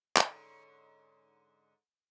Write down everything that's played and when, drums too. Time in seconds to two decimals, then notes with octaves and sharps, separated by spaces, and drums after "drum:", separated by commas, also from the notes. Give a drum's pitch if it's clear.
0.16 G#2 D3 C#4, drum: clap